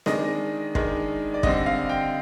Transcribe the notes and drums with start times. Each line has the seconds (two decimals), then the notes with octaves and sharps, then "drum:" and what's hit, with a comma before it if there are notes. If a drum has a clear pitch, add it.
0.06 D#3 G#3 D4 D#5, drum: snare C4
0.75 D#3 G#3 D4, drum: kick
1.34 D5
1.43 D3 G3 C4 D#5, drum: kick
1.66 F5
1.89 G5